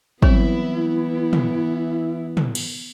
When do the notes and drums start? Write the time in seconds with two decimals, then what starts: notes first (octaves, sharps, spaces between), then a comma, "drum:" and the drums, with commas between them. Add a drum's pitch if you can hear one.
0.22 E3 F#3 G3 B3 C4 E4, drum: kick
1.33 drum: tom
2.37 drum: tom
2.55 drum: cymbal